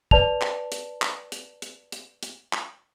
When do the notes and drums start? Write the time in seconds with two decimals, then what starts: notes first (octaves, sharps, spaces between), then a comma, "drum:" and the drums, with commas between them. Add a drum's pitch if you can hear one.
0.11 B4 D5 A5 F7, drum: kick
0.41 drum: clap
0.72 drum: hi-hat
1.02 drum: clap
1.32 drum: hi-hat
1.62 drum: hi-hat
1.92 drum: hi-hat
2.23 drum: hi-hat
2.53 drum: clap